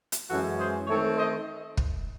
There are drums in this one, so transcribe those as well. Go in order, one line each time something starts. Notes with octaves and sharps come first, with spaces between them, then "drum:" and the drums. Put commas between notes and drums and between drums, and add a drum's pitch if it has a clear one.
drum: hi-hat
F#2 E3 G#3 C#4 F#4 A4
G#4 C5
D#3 A3 C4 A4 C#5
C5 D#5
drum: kick